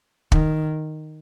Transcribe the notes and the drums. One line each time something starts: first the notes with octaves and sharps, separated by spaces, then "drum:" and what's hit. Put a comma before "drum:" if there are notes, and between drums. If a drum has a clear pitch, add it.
D#3, drum: kick